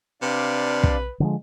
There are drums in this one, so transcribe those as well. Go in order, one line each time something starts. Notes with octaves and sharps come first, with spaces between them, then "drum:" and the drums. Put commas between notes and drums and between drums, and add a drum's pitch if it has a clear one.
C3 D4 B4 D5 F5
drum: kick
D3 F3 G#3